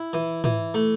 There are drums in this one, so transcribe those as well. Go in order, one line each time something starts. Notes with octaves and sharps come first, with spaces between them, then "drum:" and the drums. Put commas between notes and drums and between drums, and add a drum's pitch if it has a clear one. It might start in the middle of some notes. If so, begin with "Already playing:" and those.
Already playing: E4
E3
E3, drum: tom
A3